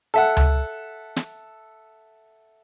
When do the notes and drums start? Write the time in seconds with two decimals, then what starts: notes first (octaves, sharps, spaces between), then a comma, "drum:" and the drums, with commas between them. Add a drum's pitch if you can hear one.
0.14 A4 E5 F#5
0.37 drum: tom C#2
1.16 drum: snare